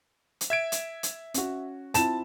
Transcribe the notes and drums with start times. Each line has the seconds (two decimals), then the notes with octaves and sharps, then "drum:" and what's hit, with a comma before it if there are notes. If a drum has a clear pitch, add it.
0.41 drum: hi-hat
0.50 E5 G#6 D7
0.72 drum: hi-hat
1.03 drum: hi-hat
1.34 C#4 F#4, drum: hi-hat
1.94 C4 E4 F4 A5 E7, drum: hi-hat